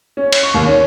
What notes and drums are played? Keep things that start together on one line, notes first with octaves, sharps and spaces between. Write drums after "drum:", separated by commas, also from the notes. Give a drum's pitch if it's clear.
C#4
drum: cymbal
C#6
D#2
C#4